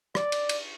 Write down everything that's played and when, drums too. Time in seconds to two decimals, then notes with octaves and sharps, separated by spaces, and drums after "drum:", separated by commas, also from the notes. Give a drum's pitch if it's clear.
0.15 D5, drum: rim click
0.32 drum: cymbal
0.49 drum: cymbal